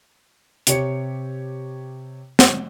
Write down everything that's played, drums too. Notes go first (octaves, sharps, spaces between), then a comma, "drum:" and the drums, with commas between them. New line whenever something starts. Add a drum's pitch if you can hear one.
C3 G4 C#5 C#7, drum: hi-hat
drum: snare